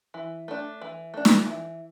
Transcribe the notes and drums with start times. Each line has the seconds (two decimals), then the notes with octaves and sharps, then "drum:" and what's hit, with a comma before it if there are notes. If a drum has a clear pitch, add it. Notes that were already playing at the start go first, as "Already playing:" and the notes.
0.14 E3
0.48 A3 D4
0.81 E3
1.14 A3 D4
1.25 drum: snare
1.46 E3